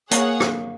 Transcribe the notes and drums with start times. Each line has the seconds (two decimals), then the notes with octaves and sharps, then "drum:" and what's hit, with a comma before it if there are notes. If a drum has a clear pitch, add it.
0.11 A#3 G#4 C#5 F#5, drum: hi-hat
0.40 drum: rim click